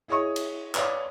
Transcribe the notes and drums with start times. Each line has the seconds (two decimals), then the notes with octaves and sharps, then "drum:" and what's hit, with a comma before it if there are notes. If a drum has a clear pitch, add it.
0.08 E4 G#4 C#5 D#5 C#6 D#6
0.36 drum: cymbal
0.75 B4 C#5 D5 F5 D6 D#6, drum: clap